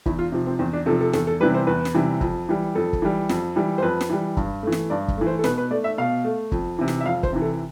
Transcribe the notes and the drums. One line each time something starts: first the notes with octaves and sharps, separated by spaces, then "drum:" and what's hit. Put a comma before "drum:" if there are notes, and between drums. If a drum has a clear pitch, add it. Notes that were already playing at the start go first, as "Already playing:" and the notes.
E2 E4, drum: kick
F4
C3 F3
C4
E2 C4
D4
C3 F3 A4
A4
E2 A4, drum: snare
A4
C3 E3 G3 B4
C5
E2 B4
drum: snare
C3 E3 G3
F2, drum: kick
E3 G3
F2 A4
drum: kick
E3 G3
F2, drum: snare
E3 G3
C5
F2 B4
drum: snare
E3 G3
G2, drum: kick
E3 A3
drum: snare
G2 D5
drum: kick
E3 A3
C5
A4
B2 B4, drum: snare
B4
A3 D5
E5
B2 F5
A3
F2, drum: kick
C3 E3
drum: snare
E5
F2 F5
C5, drum: kick
C3 E3
A4